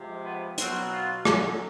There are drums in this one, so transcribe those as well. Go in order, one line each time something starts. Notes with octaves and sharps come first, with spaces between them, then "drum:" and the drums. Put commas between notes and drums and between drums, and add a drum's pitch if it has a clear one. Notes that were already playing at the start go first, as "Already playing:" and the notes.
Already playing: C3 F3 G#3
B3
B2 F#3 C4, drum: hi-hat
F4
F#2 D3 F#3, drum: rim click